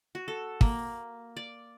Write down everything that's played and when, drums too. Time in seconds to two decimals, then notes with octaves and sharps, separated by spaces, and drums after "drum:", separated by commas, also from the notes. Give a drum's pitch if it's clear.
0.15 F#4
0.28 A4
0.61 A#3, drum: kick
1.37 D5